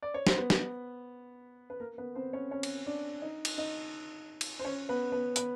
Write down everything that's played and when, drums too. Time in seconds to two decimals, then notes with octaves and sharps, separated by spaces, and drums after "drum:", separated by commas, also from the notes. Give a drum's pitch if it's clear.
0.03 D5
0.14 C#5
0.27 C5, drum: snare
0.38 B3 B4
0.50 drum: snare
1.70 B4
1.80 A#3 A#4
1.98 B3 B4
2.15 C4 C5
2.33 C#4 C#5
2.51 C#4 C#5
2.63 drum: cymbal
2.86 D4 D5
3.22 D#4 D#5
3.45 drum: cymbal
3.58 D#4 D#5
4.41 drum: cymbal
4.59 C5
4.65 C#4 C#5
4.89 B3 B4
5.12 B3 B4
5.36 B3 B4, drum: hi-hat